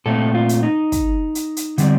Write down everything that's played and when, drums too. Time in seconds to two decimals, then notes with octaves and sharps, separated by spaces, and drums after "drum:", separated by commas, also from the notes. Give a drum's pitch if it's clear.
0.06 A#2 A3 C4 A4
0.35 F4
0.49 drum: hi-hat
0.63 D#4
0.92 drum: kick, hi-hat
1.35 drum: hi-hat
1.57 drum: hi-hat
1.78 D3 G3 C4, drum: hi-hat